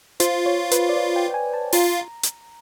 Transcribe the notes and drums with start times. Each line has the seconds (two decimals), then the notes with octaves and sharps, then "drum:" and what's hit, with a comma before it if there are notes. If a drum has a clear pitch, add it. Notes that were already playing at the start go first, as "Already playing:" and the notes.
0.20 F4 C5, drum: hi-hat
0.46 C#5
0.71 B4, drum: hi-hat
0.89 D5
0.96 C#5
1.16 G5
1.31 G5
1.34 G#5
1.54 A5
1.73 F4 A#5, drum: open hi-hat
2.23 drum: hi-hat